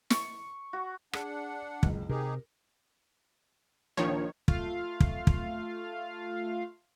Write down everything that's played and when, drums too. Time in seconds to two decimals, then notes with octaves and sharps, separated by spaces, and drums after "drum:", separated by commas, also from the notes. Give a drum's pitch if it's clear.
0.10 C#6, drum: snare
0.73 F#4
1.13 D4 G#4 F#5, drum: rim click
1.83 F#1 C#2, drum: kick
2.09 C3 D#4 G4 G#4 A#4
3.97 A#1 D#3 F3 C#5
4.48 A3 F4 F5, drum: kick
5.00 drum: kick
5.27 drum: kick